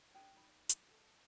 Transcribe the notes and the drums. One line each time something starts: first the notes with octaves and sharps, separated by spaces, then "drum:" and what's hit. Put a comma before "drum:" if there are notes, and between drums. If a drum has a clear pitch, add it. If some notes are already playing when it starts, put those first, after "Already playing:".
D4 G#4 G5
D#4 B5
drum: hi-hat
A4